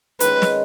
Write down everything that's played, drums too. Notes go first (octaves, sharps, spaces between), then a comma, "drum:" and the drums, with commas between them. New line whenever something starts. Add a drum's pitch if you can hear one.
D#3 G#3 C#4 B4, drum: hi-hat
drum: snare